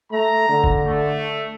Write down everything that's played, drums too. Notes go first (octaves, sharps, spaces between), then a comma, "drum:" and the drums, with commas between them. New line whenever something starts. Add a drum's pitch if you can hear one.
A3 A#5
D3
drum: kick
A3